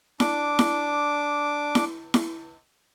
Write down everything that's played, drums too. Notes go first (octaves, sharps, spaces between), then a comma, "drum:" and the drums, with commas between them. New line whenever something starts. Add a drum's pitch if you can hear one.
D4 D6, drum: snare E4
drum: snare E4
drum: snare E4
drum: snare E4